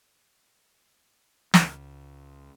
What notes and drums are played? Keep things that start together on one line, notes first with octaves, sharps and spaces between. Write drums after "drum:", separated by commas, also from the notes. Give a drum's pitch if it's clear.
C#2, drum: snare